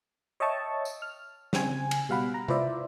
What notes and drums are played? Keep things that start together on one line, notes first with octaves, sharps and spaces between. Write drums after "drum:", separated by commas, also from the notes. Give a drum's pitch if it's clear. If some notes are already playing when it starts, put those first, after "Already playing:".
C#5 D#5 E5 G5 A5 C#6
drum: tambourine
F6
C#3 C4 G#5, drum: snare
drum: cymbal
B2 G3 F5 F#5 B5
A#5
E4 F4 B4 C5 D5 E5, drum: tom C3